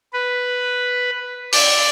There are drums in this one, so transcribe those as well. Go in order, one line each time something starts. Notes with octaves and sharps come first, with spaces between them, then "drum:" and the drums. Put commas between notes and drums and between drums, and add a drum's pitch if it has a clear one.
B4
D5, drum: open hi-hat